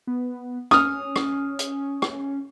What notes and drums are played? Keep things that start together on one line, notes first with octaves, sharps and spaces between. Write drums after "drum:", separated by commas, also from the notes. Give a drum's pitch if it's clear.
B3
C#4 D#6 F6, drum: rim click
drum: rim click
drum: hi-hat
drum: rim click